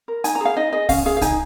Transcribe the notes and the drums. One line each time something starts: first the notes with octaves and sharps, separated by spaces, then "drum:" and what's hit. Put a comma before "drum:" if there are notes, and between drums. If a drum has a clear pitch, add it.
A#4
D#4 G#5, drum: hi-hat
A#5
G#4 F5
D#4 D#5
G#4 D#5
C#4 F5, drum: kick C2, open hi-hat
G#4 F5
F5
D#4 G#5, drum: kick C2, hi-hat